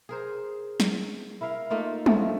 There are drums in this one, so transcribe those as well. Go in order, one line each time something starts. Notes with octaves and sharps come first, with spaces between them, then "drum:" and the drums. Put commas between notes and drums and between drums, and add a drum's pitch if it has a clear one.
G#4 A#4 C5
drum: snare
E4 A#4 E5 F5
A3 A#3 D#4 F4
F3 A3 A#3 A4, drum: tom